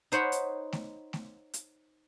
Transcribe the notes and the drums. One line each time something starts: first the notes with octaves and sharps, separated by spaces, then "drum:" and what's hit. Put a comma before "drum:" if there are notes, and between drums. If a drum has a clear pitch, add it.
D#4 C5 C#5 F#5 B5
drum: hi-hat
drum: snare A3
drum: snare A3
drum: hi-hat